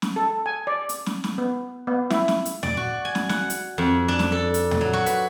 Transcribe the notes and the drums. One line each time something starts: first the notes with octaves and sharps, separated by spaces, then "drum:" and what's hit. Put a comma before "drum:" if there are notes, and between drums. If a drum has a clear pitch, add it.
drum: snare
A4
G#5
D5
drum: hi-hat
drum: snare
drum: snare
B3
B3
E4, drum: snare
drum: snare
drum: hi-hat
D5, drum: tom
F#4
G#5
drum: snare
F#5, drum: snare
drum: hi-hat
F2
D4
drum: snare
A4
drum: hi-hat
drum: tom
F#3
F#4
B4, drum: hi-hat